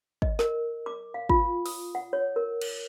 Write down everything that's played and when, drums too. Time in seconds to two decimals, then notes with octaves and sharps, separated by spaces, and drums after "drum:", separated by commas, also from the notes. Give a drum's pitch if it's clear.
0.22 D#5, drum: kick
0.39 A#4, drum: snare
0.86 D6
1.14 F5
1.29 F4, drum: kick
1.66 D#6, drum: open hi-hat
1.95 F#5
2.13 C#5
2.36 A#4
2.61 drum: cymbal